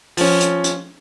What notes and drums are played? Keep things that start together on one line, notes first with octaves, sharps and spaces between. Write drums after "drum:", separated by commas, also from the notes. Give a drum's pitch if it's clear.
F3 C#4, drum: open hi-hat
drum: hi-hat
drum: hi-hat